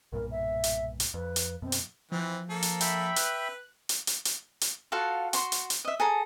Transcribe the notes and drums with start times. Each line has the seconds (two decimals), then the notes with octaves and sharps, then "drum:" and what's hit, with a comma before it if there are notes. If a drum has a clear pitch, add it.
0.12 B1 G2 A#2 A#4
0.31 E5
0.64 drum: hi-hat
1.00 drum: hi-hat
1.14 F2 B4
1.36 drum: hi-hat
1.62 F#2 B2 C4
1.72 drum: hi-hat
2.12 E3 F3 C4
2.50 A#3 A4
2.62 drum: hi-hat
2.81 E5 G5 B5, drum: hi-hat
3.16 B4 F#6, drum: hi-hat
3.89 drum: hi-hat
4.07 drum: hi-hat
4.25 drum: hi-hat
4.61 drum: hi-hat
4.92 F4 F#4 A4 F5
5.33 F#4 C6, drum: hi-hat
5.52 drum: hi-hat
5.70 drum: hi-hat
5.85 D#5 E5
6.00 G#4 A4 A#5